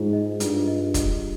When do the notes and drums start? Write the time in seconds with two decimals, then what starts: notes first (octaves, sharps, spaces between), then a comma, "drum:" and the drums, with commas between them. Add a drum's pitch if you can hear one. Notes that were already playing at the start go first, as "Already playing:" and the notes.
Already playing: G#2 F4 G#4
0.13 D#5
0.40 G2 F4, drum: hi-hat
0.67 D#5
0.94 D#5, drum: kick, hi-hat